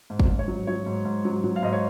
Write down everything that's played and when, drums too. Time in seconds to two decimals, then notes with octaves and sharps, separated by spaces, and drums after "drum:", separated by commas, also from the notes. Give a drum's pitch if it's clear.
0.10 G#2
0.19 drum: kick
0.30 G#2
0.39 C#5
0.48 F#3
0.67 F#3 C#5
0.86 G#2
1.05 G#2
1.25 F#3
1.44 F#3
1.56 F5
1.63 G#2 D#5
1.73 C#5